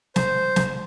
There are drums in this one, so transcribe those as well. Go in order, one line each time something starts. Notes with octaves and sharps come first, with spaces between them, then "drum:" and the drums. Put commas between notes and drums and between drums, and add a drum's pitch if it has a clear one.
C5, drum: snare
drum: snare